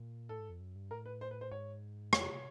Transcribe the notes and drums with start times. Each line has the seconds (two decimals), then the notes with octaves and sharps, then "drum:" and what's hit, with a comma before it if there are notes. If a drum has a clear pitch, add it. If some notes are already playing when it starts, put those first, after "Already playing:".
Already playing: A#2
0.29 A2 A4
0.39 G#2
0.50 F2
0.60 F#2
0.76 G2
0.91 A2 A#4
1.06 B4
1.21 C5
1.31 B4
1.41 C5
1.51 G#2 C#5
2.13 F2 C#5, drum: rim click